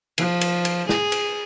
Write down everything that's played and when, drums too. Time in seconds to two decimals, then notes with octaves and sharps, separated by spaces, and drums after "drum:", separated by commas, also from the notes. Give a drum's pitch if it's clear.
0.18 F3, drum: cymbal
0.41 drum: cymbal
0.65 drum: cymbal
0.89 G#4, drum: snare
1.12 drum: cymbal